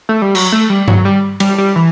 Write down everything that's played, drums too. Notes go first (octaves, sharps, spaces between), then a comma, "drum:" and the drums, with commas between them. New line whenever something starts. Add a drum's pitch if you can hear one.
A3
G3
F#3, drum: cymbal
A3
G3
F#3, drum: tom G2
G3
G3, drum: cymbal
G3
E3